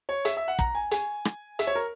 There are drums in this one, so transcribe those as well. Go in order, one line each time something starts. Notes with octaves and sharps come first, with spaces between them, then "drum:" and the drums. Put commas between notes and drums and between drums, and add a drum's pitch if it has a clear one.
C#5
E5, drum: hi-hat
E5
F#5
A#5, drum: kick
G#5
G#5, drum: hi-hat
drum: rim click
E5, drum: hi-hat
C#5
A#4